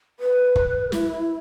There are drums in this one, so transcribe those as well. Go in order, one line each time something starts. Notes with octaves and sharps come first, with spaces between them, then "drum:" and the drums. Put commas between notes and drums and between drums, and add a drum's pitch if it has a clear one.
B4
drum: kick
E4, drum: snare